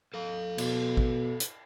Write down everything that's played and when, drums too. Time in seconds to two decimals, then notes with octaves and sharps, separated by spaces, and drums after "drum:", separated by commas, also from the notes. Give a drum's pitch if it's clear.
0.14 A4 F5
0.58 B2, drum: cymbal
0.97 drum: kick A1
1.40 drum: hi-hat